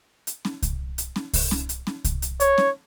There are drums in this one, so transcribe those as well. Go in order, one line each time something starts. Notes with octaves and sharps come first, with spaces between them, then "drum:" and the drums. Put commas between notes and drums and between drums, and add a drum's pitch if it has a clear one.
drum: hi-hat
drum: snare C#4
drum: kick C2, hi-hat
drum: hi-hat
drum: snare C#4
drum: kick C2, open hi-hat
drum: snare C#4
drum: hi-hat
drum: snare C#4
drum: kick C2, hi-hat
drum: hi-hat
C#5, drum: hi-hat
drum: snare C#4